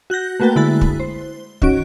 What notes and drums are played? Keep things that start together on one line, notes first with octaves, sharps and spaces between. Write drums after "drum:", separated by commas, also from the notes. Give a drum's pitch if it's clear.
F#4 F#6 G6 A#6
A3 A#3 F#4 B4 G5 A5
D3 G#3 E4 B5 F#6 A6
drum: kick
C5
D#3 C#4 F#4 D7, drum: kick